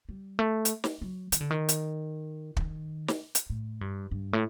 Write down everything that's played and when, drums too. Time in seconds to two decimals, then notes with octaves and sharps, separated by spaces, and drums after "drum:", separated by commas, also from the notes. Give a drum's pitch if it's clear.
0.09 G3
0.39 A3
0.65 drum: hi-hat
0.84 drum: snare
1.02 F#3
1.32 D#3, drum: hi-hat
1.41 D3
1.50 D#3
1.68 drum: hi-hat
2.57 D#3, drum: kick
3.08 drum: snare
3.35 drum: hi-hat
3.50 A2
3.81 G2
4.11 G2
4.33 A2